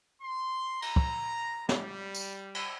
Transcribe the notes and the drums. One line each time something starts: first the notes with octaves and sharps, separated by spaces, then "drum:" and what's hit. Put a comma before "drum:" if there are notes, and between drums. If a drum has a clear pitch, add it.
C6
A#5, drum: cymbal
drum: kick
G3, drum: snare
drum: tambourine
drum: cymbal